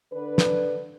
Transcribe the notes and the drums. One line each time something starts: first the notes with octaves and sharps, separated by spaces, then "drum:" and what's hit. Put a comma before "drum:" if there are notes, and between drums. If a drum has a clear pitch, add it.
D3 D4 B4
drum: snare